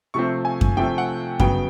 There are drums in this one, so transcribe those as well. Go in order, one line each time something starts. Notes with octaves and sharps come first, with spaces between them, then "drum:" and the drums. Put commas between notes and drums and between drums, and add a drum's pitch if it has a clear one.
C3 F3 A3 C4 C#6
G#5
drum: kick F#2
C3 F3 A3 C4 G5
F#5
C#3 F#3 B3 G5, drum: kick F#2